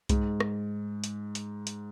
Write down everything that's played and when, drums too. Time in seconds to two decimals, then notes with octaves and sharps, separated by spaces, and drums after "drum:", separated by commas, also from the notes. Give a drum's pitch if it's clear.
0.09 G#2, drum: kick C2, hi-hat
0.40 drum: rim click
1.04 drum: hi-hat
1.35 drum: hi-hat
1.67 drum: hi-hat